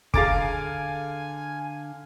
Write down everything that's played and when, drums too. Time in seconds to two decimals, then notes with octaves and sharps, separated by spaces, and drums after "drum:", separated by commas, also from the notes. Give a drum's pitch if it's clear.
0.14 D3 G#4 F5 G#5 A#5 D6 A6 D7, drum: kick